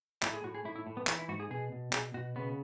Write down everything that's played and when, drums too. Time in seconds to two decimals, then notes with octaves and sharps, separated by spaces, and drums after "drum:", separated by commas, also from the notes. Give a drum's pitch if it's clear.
0.23 A2 E4, drum: clap
0.34 G#4
0.44 A2 F#4
0.55 G#4
0.65 A2 E4
0.76 E4
0.87 A2
0.97 B3
1.07 E3, drum: clap
1.19 E4
1.29 G#2 F#4
1.40 G#4
1.51 B2 G#4
1.72 B2
1.93 B2 G#4, drum: clap
2.14 B2 F#4
2.36 C#3 B3